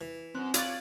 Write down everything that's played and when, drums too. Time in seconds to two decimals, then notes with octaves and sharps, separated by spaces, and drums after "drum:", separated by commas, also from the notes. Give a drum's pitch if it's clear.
0.01 E3
0.35 F#2 C4 F#6
0.54 F4 B4 C#5 D5 G#6 A6, drum: hi-hat